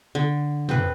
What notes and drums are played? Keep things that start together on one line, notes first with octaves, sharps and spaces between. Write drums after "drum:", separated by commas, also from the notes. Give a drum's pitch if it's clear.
D3
C4 B4, drum: tom